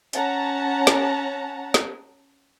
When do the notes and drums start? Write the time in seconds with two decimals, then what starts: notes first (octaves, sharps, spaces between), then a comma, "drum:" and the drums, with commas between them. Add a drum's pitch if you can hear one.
0.13 C#4 F#5 A5 A#5, drum: hi-hat
0.87 drum: snare
1.74 drum: snare